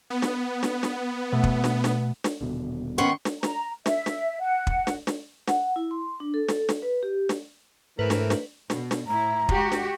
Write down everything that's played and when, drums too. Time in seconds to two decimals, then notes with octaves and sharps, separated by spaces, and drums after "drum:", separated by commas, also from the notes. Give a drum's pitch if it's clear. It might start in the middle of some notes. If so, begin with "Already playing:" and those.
0.10 B3
0.22 drum: snare
0.63 drum: snare
0.83 drum: snare
1.32 B2 A3
1.44 drum: kick
1.64 drum: snare
1.84 drum: snare
2.24 drum: snare
2.41 D#1 B2 D3
2.98 D#3 B3 C#4 F#5 C6 C#6
3.25 drum: snare
3.43 A#5, drum: snare
3.86 E5, drum: snare
4.06 drum: snare
4.40 F#5
4.67 drum: kick
4.87 drum: snare
5.07 drum: snare
5.48 F#5, drum: snare
5.76 E4
5.91 C6
6.20 D4
6.34 A4
6.49 drum: snare
6.69 drum: snare
6.82 B4
7.03 G4
7.29 drum: snare
7.99 G#2 E3 A3 C4 A#4 B4
8.10 drum: snare
8.30 drum: snare
8.70 B2, drum: snare
8.91 drum: snare
9.07 A2 E4 A#5
9.49 G#3 F#4 G4, drum: kick
9.72 drum: snare